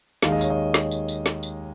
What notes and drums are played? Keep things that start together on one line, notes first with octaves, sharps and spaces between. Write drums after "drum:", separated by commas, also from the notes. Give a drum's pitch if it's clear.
D#2 D#3 G#3 F5, drum: snare
D#5
C#5, drum: tambourine
D#5
drum: snare
drum: tambourine
drum: tambourine
drum: snare
drum: tambourine